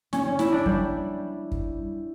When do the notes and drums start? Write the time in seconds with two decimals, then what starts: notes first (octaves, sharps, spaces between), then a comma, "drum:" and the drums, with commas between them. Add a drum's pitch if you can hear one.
0.13 C#4, drum: snare
0.26 C#4
0.39 E4, drum: snare
0.52 D4
0.66 G3, drum: kick
1.52 drum: kick